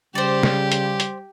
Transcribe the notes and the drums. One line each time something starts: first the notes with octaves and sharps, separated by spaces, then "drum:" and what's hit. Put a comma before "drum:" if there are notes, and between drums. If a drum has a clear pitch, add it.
C#3 G3 G4 C5 D5
drum: snare
drum: hi-hat
drum: hi-hat